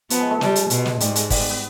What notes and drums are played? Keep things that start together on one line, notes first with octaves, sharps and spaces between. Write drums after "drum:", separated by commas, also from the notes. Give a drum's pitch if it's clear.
F3 B3, drum: hi-hat
G#3
G#3
G3, drum: snare
drum: hi-hat
B2, drum: hi-hat
drum: snare
G#2 G3, drum: hi-hat
G#3, drum: hi-hat
G3, drum: kick, open hi-hat
B3
B3